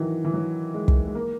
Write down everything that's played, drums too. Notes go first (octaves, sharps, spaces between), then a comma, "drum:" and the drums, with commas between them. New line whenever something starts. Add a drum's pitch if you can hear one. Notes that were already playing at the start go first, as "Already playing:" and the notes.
Already playing: D#3 E3 F#3
E3
F#3
G#3
drum: kick
G#3
A#3